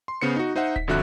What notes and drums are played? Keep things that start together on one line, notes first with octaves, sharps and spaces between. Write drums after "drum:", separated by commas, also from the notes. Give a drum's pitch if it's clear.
C6
C#3 B3 C5 C#7
D#4 F#4
D#4 C5 D#5 E5 F#5
B6, drum: kick D1
G1 F2 D3 F#4 E5 F#6